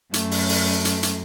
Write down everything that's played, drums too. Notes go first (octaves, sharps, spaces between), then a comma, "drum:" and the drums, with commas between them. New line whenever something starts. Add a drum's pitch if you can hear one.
F#2 A3, drum: hi-hat
drum: open hi-hat
drum: open hi-hat
drum: hi-hat
drum: hi-hat